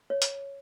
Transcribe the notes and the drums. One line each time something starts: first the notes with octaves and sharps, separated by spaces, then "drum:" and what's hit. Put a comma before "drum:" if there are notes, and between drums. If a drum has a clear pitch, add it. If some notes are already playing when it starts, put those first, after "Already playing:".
C#5
drum: hi-hat